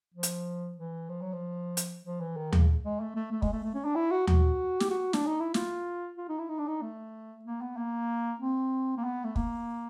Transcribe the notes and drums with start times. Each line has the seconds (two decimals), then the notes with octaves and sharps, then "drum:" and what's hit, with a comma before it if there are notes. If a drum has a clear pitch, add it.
0.14 F3
0.23 drum: hi-hat
0.78 E3
1.09 F3
1.21 F#3
1.33 F3
1.77 drum: hi-hat
2.05 F3
2.20 E3
2.37 D#3
2.53 C#3, drum: tom D#2
2.84 G#3
3.01 A3
3.16 A3
3.32 A3
3.42 G#3, drum: kick
3.53 A3
3.64 A3
3.74 C#4
3.85 D4
3.95 E4
4.11 F#4
4.27 F#4, drum: tom D#2
4.80 G4, drum: snare
4.90 F#4
5.13 D4, drum: snare
5.27 D#4
5.40 E4
5.54 F4, drum: snare
6.18 F4
6.28 D#4
6.39 E4
6.49 D#4
6.58 D4
6.68 D#4
6.82 A3
7.45 A#3
7.61 B3
7.77 A#3
8.40 C4
8.97 A#3
9.04 B3
9.24 A3
9.36 A#3, drum: kick